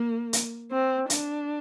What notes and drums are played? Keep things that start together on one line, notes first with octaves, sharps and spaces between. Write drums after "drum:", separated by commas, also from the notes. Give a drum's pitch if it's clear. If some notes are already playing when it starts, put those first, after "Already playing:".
Already playing: A#3
drum: hi-hat
C4
D4, drum: hi-hat